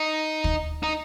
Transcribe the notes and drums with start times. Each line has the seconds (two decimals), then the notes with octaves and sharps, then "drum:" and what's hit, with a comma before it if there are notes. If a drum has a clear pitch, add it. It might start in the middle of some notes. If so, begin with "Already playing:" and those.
Already playing: D#4
0.44 drum: kick
0.83 D#4